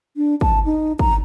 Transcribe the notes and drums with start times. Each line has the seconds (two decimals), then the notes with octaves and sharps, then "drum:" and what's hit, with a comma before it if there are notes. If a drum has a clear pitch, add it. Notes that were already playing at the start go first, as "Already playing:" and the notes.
0.17 D4
0.41 A5, drum: kick
0.65 D#4
0.99 A#5, drum: kick